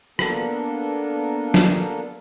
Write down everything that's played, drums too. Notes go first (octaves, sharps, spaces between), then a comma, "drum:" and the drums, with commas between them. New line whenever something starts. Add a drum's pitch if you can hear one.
A#3 B3 D4 A4 A#4, drum: rim click
drum: snare